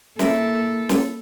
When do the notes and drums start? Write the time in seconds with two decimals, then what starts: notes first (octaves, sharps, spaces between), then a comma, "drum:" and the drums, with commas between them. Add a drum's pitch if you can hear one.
0.19 A#3 E4 A4 A#5, drum: snare
0.89 drum: snare